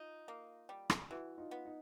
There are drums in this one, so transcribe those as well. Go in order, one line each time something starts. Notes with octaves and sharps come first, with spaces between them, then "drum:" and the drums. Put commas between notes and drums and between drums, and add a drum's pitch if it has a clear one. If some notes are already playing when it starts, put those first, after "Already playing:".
Already playing: D#4 F4
A#3
G3
drum: rim click
E3 E4 F#4
D#4 F4
B3
D#4